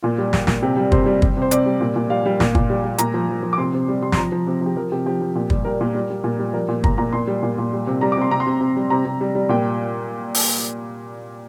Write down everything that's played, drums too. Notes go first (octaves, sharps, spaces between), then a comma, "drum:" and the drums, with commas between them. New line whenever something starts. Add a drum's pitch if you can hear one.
A#2 F4
G3
G3, drum: snare
A#2, drum: snare
C3 G4
G3
C3 C5, drum: kick
G3
G3, drum: kick
C3 C5
C3 D5, drum: hi-hat
G3
A#2
A#2
G3 F5
G3
A#2, drum: snare
A#2, drum: kick
G3
G3
A#2 A#5, drum: hi-hat
F3
F3
F3
D6
C3 C6
C3
G3
C3 C6
C6, drum: snare
F3 A#5
F3
C3
F3 G4
F3 A#4
C3 G4
F3 G4
F3
A#2
G3, drum: kick
G3 A#4
A#2
G3
G3
A#2
G3
F3 A#4
A#2
A#2 A#5, drum: kick
A#2 A#5
A#2 C6
G3
A#2
A#2
G3
C3
G3 A#5
D6
C3 C6
C3 A#5
C6
C3
C3
G3
C3 A#5
C3
G3
G3
A#2 G5
drum: open hi-hat